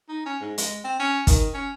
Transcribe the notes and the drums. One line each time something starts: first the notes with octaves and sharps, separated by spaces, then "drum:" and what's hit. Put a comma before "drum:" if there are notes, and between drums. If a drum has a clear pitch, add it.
D#4
C#4
G#2
G#3, drum: hi-hat
C4
C#4
D#3, drum: kick, hi-hat
C#4